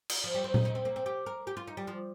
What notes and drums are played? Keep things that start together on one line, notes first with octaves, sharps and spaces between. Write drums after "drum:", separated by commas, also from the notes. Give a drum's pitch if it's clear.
drum: cymbal
F3
G3
C4
D#4, drum: tom A#2
D#4
C4
A#3
C4
G4
A#4
G4
F4
D#4
G3
F3